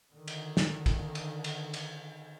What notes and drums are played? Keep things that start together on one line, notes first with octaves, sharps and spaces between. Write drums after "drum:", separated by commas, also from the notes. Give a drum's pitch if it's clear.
D3 D#3
drum: cymbal
drum: snare
drum: kick, cymbal
drum: cymbal
drum: cymbal
drum: cymbal